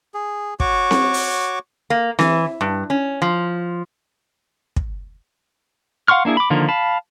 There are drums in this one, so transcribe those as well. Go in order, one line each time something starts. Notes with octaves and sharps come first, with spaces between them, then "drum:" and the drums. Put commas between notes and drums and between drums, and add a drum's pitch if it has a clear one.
G#4
F#4 C#5 C#6 D6, drum: kick
drum: snare C4
drum: open hi-hat
A#3
E3, drum: snare C4
G2
C#4
F3
drum: kick
F5 F#5 C6 C#6 F6
A#3 D4 E4 G#4
B5 D6
D3 D#3 F3 A#3
F5 A5 B5